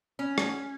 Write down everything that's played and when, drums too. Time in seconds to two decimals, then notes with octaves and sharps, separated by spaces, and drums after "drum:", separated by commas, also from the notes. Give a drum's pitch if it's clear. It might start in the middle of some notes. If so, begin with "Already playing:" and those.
0.19 C#4
0.38 drum: rim click